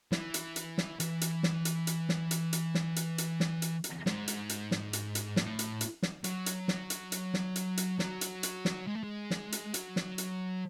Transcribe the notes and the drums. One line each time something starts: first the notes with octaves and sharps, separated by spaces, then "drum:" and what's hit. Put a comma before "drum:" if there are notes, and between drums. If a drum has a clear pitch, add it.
E3, drum: snare
drum: hi-hat
drum: hi-hat
drum: snare
E3, drum: hi-hat
drum: hi-hat
drum: snare
drum: hi-hat
drum: hi-hat
drum: snare
drum: hi-hat
drum: hi-hat
drum: snare
drum: hi-hat
drum: hi-hat
drum: snare
drum: hi-hat
drum: hi-hat
G#2, drum: snare
drum: hi-hat
drum: hi-hat
drum: snare
drum: hi-hat
drum: hi-hat
A2, drum: snare
drum: hi-hat
drum: hi-hat
drum: snare
F#3, drum: hi-hat
drum: hi-hat
drum: snare
drum: hi-hat
drum: hi-hat
drum: snare
drum: hi-hat
drum: hi-hat
F#3, drum: snare
drum: hi-hat
drum: hi-hat
drum: snare
G#3
A3
G#3
drum: snare
drum: hi-hat
F#3, drum: hi-hat
drum: snare
drum: hi-hat